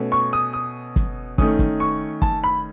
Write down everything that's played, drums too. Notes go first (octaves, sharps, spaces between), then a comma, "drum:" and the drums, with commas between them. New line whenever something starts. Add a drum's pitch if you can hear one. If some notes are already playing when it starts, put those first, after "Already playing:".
Already playing: B2 A3 C#4
C#6
D#6
D#6
drum: kick
D#3 A3 C#4 D#6, drum: kick
drum: kick
C#6
A5, drum: kick
B5